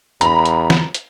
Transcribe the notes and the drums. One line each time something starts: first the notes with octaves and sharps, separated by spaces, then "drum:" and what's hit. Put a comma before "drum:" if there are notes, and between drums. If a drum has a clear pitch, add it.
E2 A#5 B5, drum: hi-hat
drum: hi-hat
drum: snare
drum: hi-hat